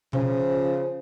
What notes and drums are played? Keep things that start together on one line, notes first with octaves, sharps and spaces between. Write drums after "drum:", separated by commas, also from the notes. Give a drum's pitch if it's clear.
C#3 F3, drum: tom B2